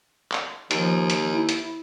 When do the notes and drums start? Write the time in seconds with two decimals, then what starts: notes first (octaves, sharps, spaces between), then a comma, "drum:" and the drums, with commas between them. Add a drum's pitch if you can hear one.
0.32 drum: clap
0.71 D#2 F3, drum: hi-hat
1.10 drum: hi-hat
1.32 E4
1.49 drum: hi-hat